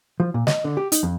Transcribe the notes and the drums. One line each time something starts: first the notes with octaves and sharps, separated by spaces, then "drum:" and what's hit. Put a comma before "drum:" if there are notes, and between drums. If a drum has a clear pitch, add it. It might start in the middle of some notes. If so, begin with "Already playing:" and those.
F3
A#2
D#5, drum: snare
D3
G4
D#4, drum: hi-hat
F2